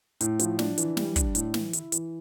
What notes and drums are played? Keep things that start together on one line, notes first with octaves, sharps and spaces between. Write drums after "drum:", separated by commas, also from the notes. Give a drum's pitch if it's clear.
A2, drum: hi-hat
F3, drum: hi-hat
D4, drum: snare
E3, drum: hi-hat
G3, drum: snare
D4, drum: kick, hi-hat
A2, drum: hi-hat
E3, drum: snare
E4, drum: hi-hat
E3, drum: hi-hat